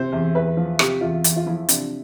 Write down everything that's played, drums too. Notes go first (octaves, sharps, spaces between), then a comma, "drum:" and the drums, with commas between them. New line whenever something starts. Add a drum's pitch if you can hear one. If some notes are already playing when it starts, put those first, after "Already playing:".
Already playing: C3 C5
E2
E2 B4
F3
C3 G4, drum: rim click
E2 F4
E2, drum: hi-hat
F4
F3 E4
C3 D4, drum: hi-hat